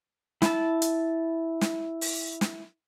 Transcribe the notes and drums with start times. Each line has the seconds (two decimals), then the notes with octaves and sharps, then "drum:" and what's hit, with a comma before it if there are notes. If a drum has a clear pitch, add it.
0.42 E4 A5, drum: snare
0.82 drum: hi-hat
1.61 drum: snare
2.01 drum: open hi-hat
2.41 drum: snare